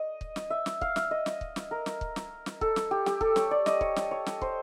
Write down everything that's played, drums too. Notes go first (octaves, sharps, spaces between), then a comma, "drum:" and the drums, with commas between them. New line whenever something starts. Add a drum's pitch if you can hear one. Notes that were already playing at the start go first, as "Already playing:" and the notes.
Already playing: D#5
drum: kick
drum: snare
E5
drum: snare
F5, drum: kick
E5, drum: snare
D#5
drum: snare
drum: kick
drum: snare
A#4
drum: snare
drum: kick
drum: snare
drum: snare
A4, drum: kick
drum: snare
G4
G4, drum: snare
A4, drum: kick
C#5, drum: snare
D5
D#5, drum: snare
C#5, drum: kick
drum: snare
C#5
drum: snare
C5, drum: kick